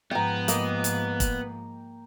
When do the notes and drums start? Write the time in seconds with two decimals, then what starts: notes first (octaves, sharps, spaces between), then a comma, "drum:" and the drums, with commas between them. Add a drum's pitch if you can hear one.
0.11 G#2 F3 B3 G5 A#5
0.48 A#3 D#5, drum: hi-hat
0.84 drum: hi-hat
1.20 drum: kick, hi-hat